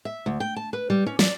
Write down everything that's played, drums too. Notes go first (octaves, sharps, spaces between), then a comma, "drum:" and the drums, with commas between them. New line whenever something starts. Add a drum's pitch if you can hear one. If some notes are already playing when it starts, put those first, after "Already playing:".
E5
D2
G5
A5
B4
G3
C#4
D5, drum: snare